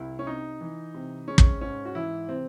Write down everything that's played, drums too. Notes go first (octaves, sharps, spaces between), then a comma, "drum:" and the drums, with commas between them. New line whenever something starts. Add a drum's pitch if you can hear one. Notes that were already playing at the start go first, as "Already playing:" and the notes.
Already playing: C2 E4
C#4
C3 D#4
E3
C3
G#3 C#4
drum: kick
G#2 C#4
F#4
E3 E4
C3 C4